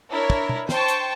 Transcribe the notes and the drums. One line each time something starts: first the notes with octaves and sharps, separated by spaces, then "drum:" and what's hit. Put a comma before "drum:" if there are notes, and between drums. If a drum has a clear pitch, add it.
D4 E4 A#4 C#5
drum: kick
drum: tom
C5 G5 A5 C#6, drum: snare
drum: hi-hat